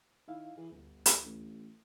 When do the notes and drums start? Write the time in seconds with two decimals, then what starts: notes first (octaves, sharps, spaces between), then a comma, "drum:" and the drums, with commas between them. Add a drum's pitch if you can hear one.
0.28 D#3 D#4 E4 F5
0.57 E3 G#4
0.72 G1 D2
1.06 drum: hi-hat
1.25 A1